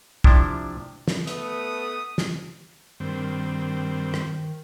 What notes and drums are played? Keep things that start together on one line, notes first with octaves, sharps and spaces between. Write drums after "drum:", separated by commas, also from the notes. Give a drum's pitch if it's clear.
C3 F3 D4 E4, drum: kick
drum: snare
A3 B3 D#6, drum: hi-hat
drum: snare
G2 D#3 C4
drum: rim click